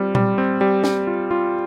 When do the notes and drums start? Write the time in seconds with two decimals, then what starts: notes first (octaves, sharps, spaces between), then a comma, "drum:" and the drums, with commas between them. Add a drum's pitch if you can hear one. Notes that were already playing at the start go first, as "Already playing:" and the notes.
Already playing: G3 C4 F4
0.15 G3, drum: tom A#2
0.38 C4
0.61 G3
0.84 G3, drum: snare
1.07 F4
1.31 F4